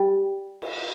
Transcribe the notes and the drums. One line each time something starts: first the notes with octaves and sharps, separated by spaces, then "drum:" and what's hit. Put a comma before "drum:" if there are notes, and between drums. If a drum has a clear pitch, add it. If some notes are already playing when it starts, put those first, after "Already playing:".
Already playing: G3
drum: cymbal